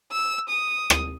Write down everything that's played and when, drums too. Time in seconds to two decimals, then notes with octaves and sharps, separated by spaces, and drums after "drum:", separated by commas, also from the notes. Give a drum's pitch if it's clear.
0.12 E6
0.50 D#6
0.90 drum: rim click